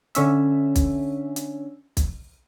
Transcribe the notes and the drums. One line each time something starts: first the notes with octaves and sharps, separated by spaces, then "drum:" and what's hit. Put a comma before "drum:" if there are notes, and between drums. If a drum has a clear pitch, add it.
D3 C#4 E5, drum: hi-hat
drum: kick, hi-hat
drum: hi-hat
drum: kick, hi-hat